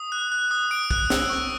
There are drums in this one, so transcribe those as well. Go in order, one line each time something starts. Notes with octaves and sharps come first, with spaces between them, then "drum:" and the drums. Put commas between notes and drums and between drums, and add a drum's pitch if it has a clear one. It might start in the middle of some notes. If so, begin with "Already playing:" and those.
Already playing: D#6
F#6
F#6
D#6
D#6 D7
F#6, drum: kick
E6, drum: snare
C#6